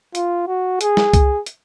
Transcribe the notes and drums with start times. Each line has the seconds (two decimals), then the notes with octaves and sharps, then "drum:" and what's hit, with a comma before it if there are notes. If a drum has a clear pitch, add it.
0.15 F4, drum: hi-hat
0.47 F#4
0.81 G#4, drum: hi-hat
0.97 drum: snare
1.14 drum: kick C2, hi-hat
1.46 drum: hi-hat